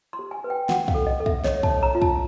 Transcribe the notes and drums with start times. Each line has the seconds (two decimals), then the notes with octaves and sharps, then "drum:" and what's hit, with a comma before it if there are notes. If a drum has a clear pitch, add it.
0.13 C6
0.19 G4
0.31 G#5
0.44 B4
0.50 G5
0.69 F#4 F#5, drum: snare
0.88 F5, drum: kick
0.95 A4
1.06 D#5
1.20 A4
1.26 E5, drum: kick
1.44 C#5 D#5, drum: snare
1.63 A5, drum: kick
1.70 C#5
1.83 A#5
1.95 F4
2.02 A5, drum: kick